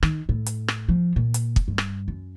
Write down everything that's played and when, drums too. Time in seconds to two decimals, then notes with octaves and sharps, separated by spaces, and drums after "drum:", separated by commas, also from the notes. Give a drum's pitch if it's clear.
0.03 D#3, drum: rim click
0.29 A2
0.46 drum: hi-hat
0.68 drum: rim click
0.89 F3
1.16 A#2
1.34 drum: hi-hat
1.56 drum: kick
1.68 G2
1.78 drum: rim click
2.08 F#2